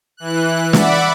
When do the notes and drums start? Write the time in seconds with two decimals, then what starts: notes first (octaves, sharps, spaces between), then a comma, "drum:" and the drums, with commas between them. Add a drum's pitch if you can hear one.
0.17 E3 F#6
0.73 D5 E5 F#5 B5 D6, drum: snare